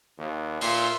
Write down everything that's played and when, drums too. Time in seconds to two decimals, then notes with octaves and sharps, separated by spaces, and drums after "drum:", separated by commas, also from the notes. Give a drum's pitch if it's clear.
0.18 D#2
0.61 A#2 E5 C6, drum: open hi-hat